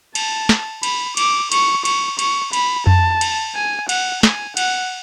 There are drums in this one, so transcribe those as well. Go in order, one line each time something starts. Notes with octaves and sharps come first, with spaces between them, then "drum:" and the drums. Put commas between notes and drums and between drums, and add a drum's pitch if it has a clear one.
A5, drum: cymbal
drum: snare
B5, drum: cymbal
D6, drum: cymbal
C#6, drum: cymbal
C#6, drum: cymbal
C#6, drum: cymbal
B5, drum: cymbal
A5, drum: tom F2
drum: cymbal
G#5
F#5, drum: cymbal
G#5, drum: snare
F#5, drum: cymbal